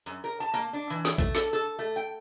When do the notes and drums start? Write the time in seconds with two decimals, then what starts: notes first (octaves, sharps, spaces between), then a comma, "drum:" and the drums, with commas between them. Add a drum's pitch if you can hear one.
0.06 F#2
0.24 A#4
0.40 A5
0.54 A#3
0.73 D4
0.90 E3
1.05 drum: snare
1.18 A3, drum: kick A#1
1.35 A4, drum: snare
1.53 A4
1.79 A3
1.96 G5